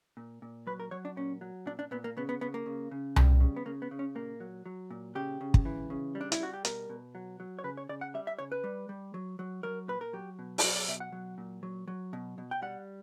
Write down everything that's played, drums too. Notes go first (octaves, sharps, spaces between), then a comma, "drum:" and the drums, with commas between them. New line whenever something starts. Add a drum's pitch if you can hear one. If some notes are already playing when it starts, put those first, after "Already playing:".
A#2
A#2
F#3 B4
A#4
F#3 C#5
D4
A#2 C#4
F#3
A#2 D4
D4
A#2 B3
A#3
C#3 B3
B3
C#3 B3
A#3
C#3
C#3
G3, drum: tom C2
C#3
B3
C#3 A#3
B3
C#3
C#4
A#2 A#3
F#3
F#3
A#2
C#3 G4
C#3
drum: kick
E3
C#3
G3
D4
E4, drum: hi-hat
G3 F#4
G4
B2 A#4, drum: hi-hat
B2
F#3
F#3
C#5
C#3 B4
C#5
C#3 D5
F#5
G3 E5
E5
C#3 C#5
B4
G3
G3
F#3
F#3
F#3 A#4
A#2 B4
A#4
F#3 G4
B2
E4, drum: open hi-hat
F#3 F#4
D5
B2 E5
F#5
F#3
A#2
F#3
F#3
B2
B2
G5
G3 F#5